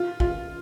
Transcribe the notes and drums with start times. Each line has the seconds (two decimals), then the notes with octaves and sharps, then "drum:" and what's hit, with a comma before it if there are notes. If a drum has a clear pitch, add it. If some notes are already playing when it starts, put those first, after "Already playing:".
Already playing: F4
0.20 F4, drum: kick